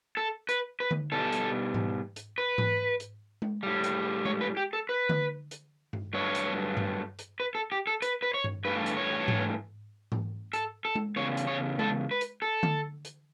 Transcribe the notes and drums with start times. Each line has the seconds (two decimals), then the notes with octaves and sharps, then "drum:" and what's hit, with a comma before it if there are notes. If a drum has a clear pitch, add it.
0.17 A4
0.49 B4, drum: hi-hat
0.80 B4
0.91 drum: tom D3
1.12 B2 G3 A4
1.33 drum: hi-hat
1.74 drum: tom G#2
2.16 drum: hi-hat
2.38 B4
2.58 drum: tom G#2
3.00 drum: hi-hat
3.42 drum: tom G#3
3.63 A2 G3
3.84 drum: hi-hat
4.25 C#5, drum: tom G#3
4.41 B4
4.57 G4
4.73 A4
4.89 B4
5.09 drum: tom D3
5.51 drum: hi-hat
5.93 drum: tom G2
6.13 G2 F#3 A3 C#5
6.35 drum: hi-hat
6.77 drum: tom G2
7.19 drum: hi-hat
7.40 B4
7.55 A4
7.72 G4
7.87 A4
8.02 B4, drum: hi-hat
8.22 B4
8.34 C#5
8.44 drum: tom G2
8.65 G2 E3 A3 B4
8.86 drum: hi-hat
8.97 C#5
9.28 drum: tom G#2
10.12 drum: tom G#2
10.53 A4, drum: hi-hat
10.85 A4
10.95 drum: tom G#3
11.16 E2 C#3 C#5
11.37 drum: hi-hat
11.47 C#5
11.79 A4, drum: tom G#3
12.11 B4
12.21 drum: hi-hat
12.42 A4
12.63 drum: tom D3
13.05 drum: hi-hat